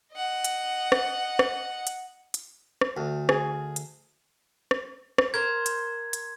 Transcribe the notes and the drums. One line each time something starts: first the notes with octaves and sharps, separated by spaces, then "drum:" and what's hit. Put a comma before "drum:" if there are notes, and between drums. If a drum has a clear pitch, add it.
D#5 F#5
drum: hi-hat
drum: rim click
drum: rim click
drum: hi-hat
drum: hi-hat
drum: rim click
D2
G#4, drum: rim click
drum: hi-hat
drum: rim click
drum: rim click
A#4 C5 G#6
drum: hi-hat
drum: hi-hat